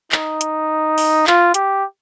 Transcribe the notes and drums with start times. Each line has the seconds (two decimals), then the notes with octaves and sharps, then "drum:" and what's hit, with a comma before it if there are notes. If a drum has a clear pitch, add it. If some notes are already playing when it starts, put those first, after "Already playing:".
0.12 D#4, drum: clap
0.41 drum: hi-hat
0.98 drum: open hi-hat
1.27 F4, drum: clap
1.54 G4, drum: hi-hat